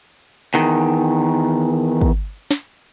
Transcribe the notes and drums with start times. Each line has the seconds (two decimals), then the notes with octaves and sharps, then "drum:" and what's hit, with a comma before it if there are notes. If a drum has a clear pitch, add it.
0.54 E2 D#3
2.01 drum: kick
2.51 drum: snare